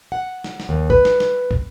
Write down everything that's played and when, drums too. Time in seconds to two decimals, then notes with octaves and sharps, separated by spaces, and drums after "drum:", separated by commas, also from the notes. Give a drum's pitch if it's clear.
0.12 F#5
0.44 drum: snare
0.60 drum: snare
0.69 D#2
0.90 B4, drum: kick
1.05 drum: snare
1.20 drum: snare
1.51 drum: kick